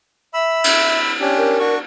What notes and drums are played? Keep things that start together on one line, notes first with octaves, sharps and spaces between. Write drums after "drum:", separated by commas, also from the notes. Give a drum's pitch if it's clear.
E5 B5 E6
drum: cymbal
C#4 D4 G4
A#4
D4 F#4 C#6